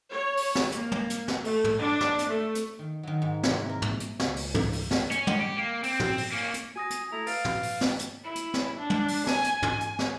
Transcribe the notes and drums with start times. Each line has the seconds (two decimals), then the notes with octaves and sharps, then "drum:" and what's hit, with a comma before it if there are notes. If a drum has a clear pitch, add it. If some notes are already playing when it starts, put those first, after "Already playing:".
0.10 C#5
0.37 drum: open hi-hat
0.55 drum: snare
0.72 A#3, drum: hi-hat
0.92 drum: tom
1.10 drum: hi-hat
1.28 drum: snare
1.45 A3, drum: open hi-hat
1.64 drum: tom
1.79 D4
2.00 drum: snare
2.19 drum: hi-hat
2.28 A3
2.55 drum: hi-hat
2.79 D#3
3.03 D#3 F#3
3.22 G#2
3.43 C3 E3, drum: snare
3.69 A#4
3.82 drum: tom
4.00 drum: hi-hat
4.19 C#2, drum: snare
4.36 drum: open hi-hat
4.54 drum: tom
4.73 drum: open hi-hat
4.91 drum: snare
5.11 C#4, drum: hi-hat
5.27 drum: tom
5.39 G4
5.57 A#3
5.83 C4, drum: open hi-hat
6.00 drum: tom
6.18 drum: open hi-hat
6.32 A#3 C#4
6.54 drum: hi-hat
6.76 F#4 G#5 D#6 A#6
6.90 drum: hi-hat
7.12 A3 E4 A#5
7.27 B4 F5 A6 D7, drum: open hi-hat
7.45 drum: tom
7.63 drum: open hi-hat
7.81 drum: snare
7.99 drum: hi-hat
8.24 E4
8.35 drum: hi-hat
8.54 drum: snare
8.79 D4
8.90 drum: tom
9.08 drum: open hi-hat
9.27 G#5, drum: snare
9.44 drum: hi-hat
9.62 drum: tom
9.81 drum: hi-hat
9.99 drum: snare